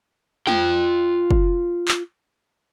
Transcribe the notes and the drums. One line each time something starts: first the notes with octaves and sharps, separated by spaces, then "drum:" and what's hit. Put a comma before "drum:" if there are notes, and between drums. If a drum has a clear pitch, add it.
F4 G5, drum: snare
drum: kick
drum: clap